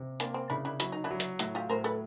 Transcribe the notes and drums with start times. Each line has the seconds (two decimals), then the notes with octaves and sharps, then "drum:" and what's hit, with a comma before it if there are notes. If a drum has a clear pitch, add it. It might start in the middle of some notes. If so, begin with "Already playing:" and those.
Already playing: C3
0.20 A#3 C4 D4, drum: hi-hat
0.34 C4
0.50 C#3 D4 E4
0.65 D4 E4
0.80 F#3 E4, drum: hi-hat
0.92 D#4
1.04 D4 E4
1.10 F#3
1.20 drum: hi-hat
1.39 A2 E4 F#4, drum: hi-hat
1.55 F4 G4
1.69 A2 A#4 C5
1.84 A4 B4